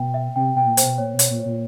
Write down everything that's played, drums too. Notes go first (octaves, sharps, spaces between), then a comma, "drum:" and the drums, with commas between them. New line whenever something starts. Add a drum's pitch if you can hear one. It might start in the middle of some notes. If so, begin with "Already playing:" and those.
Already playing: B2 E5 G5
E5
C3 G5
B2 G5
A#2
C5, drum: hi-hat
B2
A#2 C#5
B2
C#5, drum: hi-hat
A#2
C#5
A#2